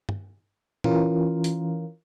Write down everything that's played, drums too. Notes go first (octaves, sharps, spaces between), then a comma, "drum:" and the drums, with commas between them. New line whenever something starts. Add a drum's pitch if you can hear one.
drum: tom
E3 C#4 F4 A#4, drum: tom A#2
drum: hi-hat